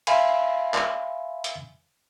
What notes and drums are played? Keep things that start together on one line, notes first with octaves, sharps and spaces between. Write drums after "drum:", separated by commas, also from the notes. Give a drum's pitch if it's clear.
E5 F5 G#5 B5 C6, drum: cymbal
drum: clap
drum: hi-hat